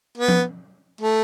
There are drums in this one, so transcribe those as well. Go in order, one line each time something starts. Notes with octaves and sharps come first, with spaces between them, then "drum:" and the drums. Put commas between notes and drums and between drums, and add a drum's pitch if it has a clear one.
B3
drum: tom F3
A3